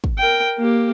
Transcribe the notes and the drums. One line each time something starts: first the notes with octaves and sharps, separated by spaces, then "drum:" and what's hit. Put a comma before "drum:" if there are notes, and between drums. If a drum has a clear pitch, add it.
drum: kick
A#4 G5
A#3 G4